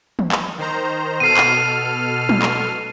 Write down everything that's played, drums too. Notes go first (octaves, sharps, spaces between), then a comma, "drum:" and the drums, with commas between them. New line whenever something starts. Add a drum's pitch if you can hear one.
drum: tom
drum: clap
D#3 C5 A#5
B2 A4 F6 C7 D#7
drum: clap
drum: tom
drum: clap